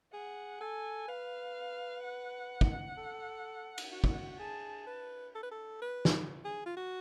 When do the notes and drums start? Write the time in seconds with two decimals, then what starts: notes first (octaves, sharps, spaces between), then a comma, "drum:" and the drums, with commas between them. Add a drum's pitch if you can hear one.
0.13 G#4 F#5
0.61 A4 G#5
1.08 B4 F5
2.03 F#5
2.61 drum: kick
2.98 A4
3.78 drum: cymbal
3.92 F#4 F#5
4.04 drum: kick
4.39 G#4 A5
4.87 B4
5.35 A4
5.43 B4
5.52 A4
5.82 B4
6.05 drum: snare
6.45 G#4
6.66 F4
6.77 F#4